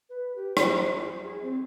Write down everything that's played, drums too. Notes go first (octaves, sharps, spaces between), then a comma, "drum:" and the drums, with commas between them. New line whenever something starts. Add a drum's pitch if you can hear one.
B4
G4
C5, drum: rim click
C5
G#4
C4